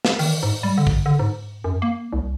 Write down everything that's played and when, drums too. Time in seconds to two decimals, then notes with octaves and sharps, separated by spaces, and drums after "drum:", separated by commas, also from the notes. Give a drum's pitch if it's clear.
0.05 drum: snare
0.19 D#3, drum: open hi-hat
0.43 G#2
0.63 G3
0.78 D3
0.87 drum: kick
1.06 D3
1.19 G#2
1.64 F#2
1.82 A#3
2.13 C2